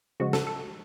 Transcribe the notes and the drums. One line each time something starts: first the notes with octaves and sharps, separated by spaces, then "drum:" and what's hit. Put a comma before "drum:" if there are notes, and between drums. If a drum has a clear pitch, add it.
C#3 F3 G#3 F#4
A4, drum: snare
A4